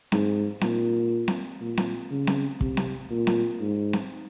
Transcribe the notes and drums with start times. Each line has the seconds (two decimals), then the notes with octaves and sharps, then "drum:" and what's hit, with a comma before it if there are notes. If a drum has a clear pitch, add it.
0.12 G#2, drum: snare C4
0.61 A#2, drum: snare C4
1.28 drum: snare C4
1.61 A#2
1.77 drum: snare C4
2.11 C#3
2.27 drum: snare C4
2.61 C3, drum: kick
2.77 drum: snare C4
3.10 A#2
3.27 drum: snare C4
3.61 G#2
3.93 drum: snare C4